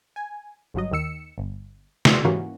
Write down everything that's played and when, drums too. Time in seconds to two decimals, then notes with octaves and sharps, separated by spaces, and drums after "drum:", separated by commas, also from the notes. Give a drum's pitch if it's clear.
0.16 G#5
0.74 G1 G2 F#3 D#5
0.91 D#2 D#3 E6 C#7
1.38 G1
2.05 F#4 D5 C6 E6, drum: snare
2.25 G#2 E3 G3 A#3 C#4 F#4